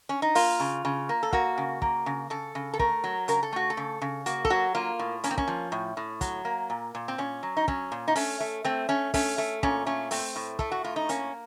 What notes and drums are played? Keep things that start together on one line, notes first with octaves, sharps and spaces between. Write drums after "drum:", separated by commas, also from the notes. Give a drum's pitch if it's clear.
C#4
D#4
A#3 F4, drum: open hi-hat
C#3
C#3
A#3
A4
A#3 F#4, drum: kick
C#3
A#3, drum: kick
C#3
C#3 A4
C#3
A4
A3 A#4, drum: kick
F#3
C#3 A#4, drum: hi-hat
A4
A3 F#4
A4
C#3
C#3
A#3 F#4, drum: hi-hat
A4, drum: kick
F#3 F#4
A#3 F4
A2
A#3 C#4, drum: hi-hat
C4
C#4, drum: kick
F3
A2
A2
F#3, drum: kick, hi-hat
A#3
A#2
A#2
C4
A#2 C#4
F#3
D#4
F#3 C#4, drum: kick
A#2
D#4
A3 C#4, drum: open hi-hat
A3
A3 C4
A3 C#4
A3 C#4, drum: kick, open hi-hat
A3
A#2 C#4, drum: kick
A3 C#4
A3 C4, drum: open hi-hat
A2
A3 A4, drum: kick
F#4
A2 F4
D#4
A#3 C#4, drum: hi-hat